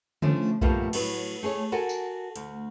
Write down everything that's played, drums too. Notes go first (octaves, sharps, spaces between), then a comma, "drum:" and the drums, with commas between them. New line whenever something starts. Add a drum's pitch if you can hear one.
F3 A3 C#4 D4, drum: tom C#3
D2 G2 A#2 F3 A3 B3, drum: kick B1
A2 F#3 B4 C#5, drum: cymbal
A3 G#4 A4 C#5
F#4 A4 A#4 G#5
drum: tambourine
D2, drum: hi-hat